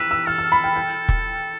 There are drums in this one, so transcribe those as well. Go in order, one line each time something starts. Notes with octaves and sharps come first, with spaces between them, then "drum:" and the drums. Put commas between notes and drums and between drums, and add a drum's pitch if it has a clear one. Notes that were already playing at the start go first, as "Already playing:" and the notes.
Already playing: B4 E6
E6
A4 F6
E6
B5
G5
G5
drum: kick